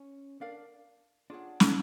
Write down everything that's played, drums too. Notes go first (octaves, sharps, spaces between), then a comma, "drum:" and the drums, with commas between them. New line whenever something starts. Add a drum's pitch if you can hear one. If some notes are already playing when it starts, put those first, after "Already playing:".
Already playing: C#4
D4 A#4 D5 F5
D4 F4 G#4 C#5 F#5
drum: snare